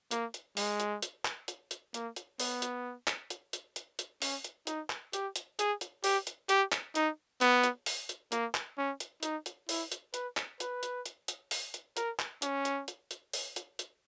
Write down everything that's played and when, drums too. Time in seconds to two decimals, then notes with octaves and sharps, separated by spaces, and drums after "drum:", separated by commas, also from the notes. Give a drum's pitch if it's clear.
0.11 A#3, drum: hi-hat
0.34 drum: hi-hat
0.57 G#3, drum: open hi-hat
0.80 drum: hi-hat
1.02 drum: hi-hat
1.25 drum: clap
1.48 drum: hi-hat
1.71 drum: hi-hat
1.94 A#3, drum: hi-hat
2.16 drum: hi-hat
2.40 B3, drum: open hi-hat
2.62 drum: hi-hat
3.08 drum: clap
3.30 drum: hi-hat
3.53 drum: hi-hat
3.76 drum: hi-hat
3.99 drum: hi-hat
4.22 C#4, drum: open hi-hat
4.44 drum: hi-hat
4.67 D#4, drum: hi-hat
4.90 drum: clap
5.13 G4, drum: hi-hat
5.36 drum: hi-hat
5.59 G#4, drum: hi-hat
5.81 drum: hi-hat
6.04 G4, drum: open hi-hat
6.27 drum: hi-hat
6.49 G4, drum: hi-hat
6.72 drum: clap
6.95 D#4, drum: hi-hat
7.41 B3, drum: hi-hat
7.64 drum: hi-hat
7.86 drum: open hi-hat
8.09 drum: hi-hat
8.32 A#3, drum: hi-hat
8.55 drum: clap
8.78 C#4
9.00 drum: hi-hat
9.23 D#4, drum: hi-hat
9.46 drum: hi-hat
9.69 E4, drum: open hi-hat
9.92 drum: hi-hat
10.14 B4, drum: hi-hat
10.37 drum: clap
10.60 B4, drum: hi-hat
10.83 drum: hi-hat
11.06 drum: hi-hat
11.28 drum: hi-hat
11.51 drum: open hi-hat
11.74 drum: hi-hat
11.97 A#4, drum: hi-hat
12.19 drum: clap
12.42 C#4, drum: hi-hat
12.65 drum: hi-hat
12.88 drum: hi-hat
13.11 drum: hi-hat
13.33 drum: open hi-hat
13.56 drum: hi-hat
13.79 drum: hi-hat